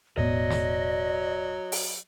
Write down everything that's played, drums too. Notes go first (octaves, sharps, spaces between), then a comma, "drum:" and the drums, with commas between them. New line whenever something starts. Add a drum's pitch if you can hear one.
E1 A2 F#3 B3 D5 D#5
drum: snare
drum: open hi-hat